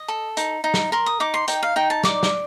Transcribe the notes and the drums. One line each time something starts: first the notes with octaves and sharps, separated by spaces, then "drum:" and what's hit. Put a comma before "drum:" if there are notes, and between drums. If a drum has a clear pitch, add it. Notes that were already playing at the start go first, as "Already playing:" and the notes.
Already playing: D#5
A4
D#4, drum: hi-hat
D#4
drum: snare
A#4 C6
D#6
D#4 D6
C6
D#4 G5, drum: hi-hat
F5
D#4 G5
A5
D5 D6, drum: snare
drum: snare